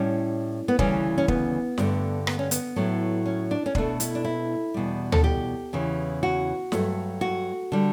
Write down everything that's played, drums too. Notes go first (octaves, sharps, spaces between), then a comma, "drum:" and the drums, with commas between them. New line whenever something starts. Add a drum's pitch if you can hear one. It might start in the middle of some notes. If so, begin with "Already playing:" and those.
Already playing: A2 G3 C#4
B3
D2 C#3 E3 G3 C#4, drum: kick
C#4
B3, drum: kick
G2 D3 A3, drum: snare
B3, drum: rim click
C#4
B3, drum: hi-hat
A2 F#3 A3
C#4
D4
C#4
B2 A3 D4, drum: kick
E4, drum: hi-hat
D4
E4
E2 B2 G3
A4, drum: tom
G4
E2 C#3 E3
F#4
G2 F#3 A3, drum: snare
F#4
D3 G3